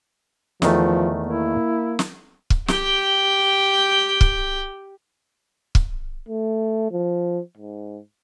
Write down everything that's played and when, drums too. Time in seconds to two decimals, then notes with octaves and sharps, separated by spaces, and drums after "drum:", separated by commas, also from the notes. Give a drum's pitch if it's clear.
0.62 E2 D#3 F3 A3, drum: snare
1.27 A#3 E4
1.99 drum: snare
2.50 drum: kick
2.68 G4 G5, drum: snare
4.21 drum: kick
5.75 drum: kick
6.29 A3
6.91 F3
7.57 G#2